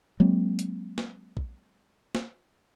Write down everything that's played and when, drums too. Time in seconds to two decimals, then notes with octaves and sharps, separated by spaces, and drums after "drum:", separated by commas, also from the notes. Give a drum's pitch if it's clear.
0.20 F#3 G#3 A#3 C4
0.59 drum: hi-hat
0.98 drum: snare
1.37 drum: kick
2.15 drum: snare